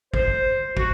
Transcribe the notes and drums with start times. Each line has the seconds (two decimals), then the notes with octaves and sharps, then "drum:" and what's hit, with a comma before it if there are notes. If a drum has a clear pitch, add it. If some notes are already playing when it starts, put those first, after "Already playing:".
0.14 C5, drum: kick
0.77 F#4, drum: kick